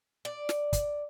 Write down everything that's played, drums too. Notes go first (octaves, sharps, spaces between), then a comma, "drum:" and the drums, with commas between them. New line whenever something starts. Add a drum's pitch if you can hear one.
D5
drum: snare
drum: kick, hi-hat